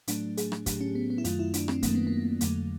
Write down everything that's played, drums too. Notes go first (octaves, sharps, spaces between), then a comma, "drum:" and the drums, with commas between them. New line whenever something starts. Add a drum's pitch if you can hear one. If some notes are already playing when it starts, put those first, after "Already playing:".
A2 F#3 A3 D4, drum: hi-hat
G#4, drum: hi-hat
drum: rim click
A2 F#3 A3 G4, drum: kick, hi-hat
C#4
B3
B3
E4
F#2 D#3 F#3 A3 F4, drum: hi-hat
E4
D4, drum: hi-hat
C4, drum: rim click
F#2 D#3 F#3 A3 A#3, drum: kick, hi-hat
B3
A#3
F2 D3 F#3 A3, drum: hi-hat